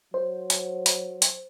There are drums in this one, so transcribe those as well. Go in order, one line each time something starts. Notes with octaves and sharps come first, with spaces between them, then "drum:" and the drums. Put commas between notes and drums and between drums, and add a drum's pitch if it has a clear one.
F#3 C5
drum: hi-hat
drum: hi-hat
drum: hi-hat